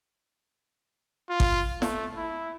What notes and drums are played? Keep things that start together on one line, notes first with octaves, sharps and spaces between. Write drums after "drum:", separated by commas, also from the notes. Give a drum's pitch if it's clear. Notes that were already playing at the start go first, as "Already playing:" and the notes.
F4
drum: kick G#1
A3, drum: snare
E4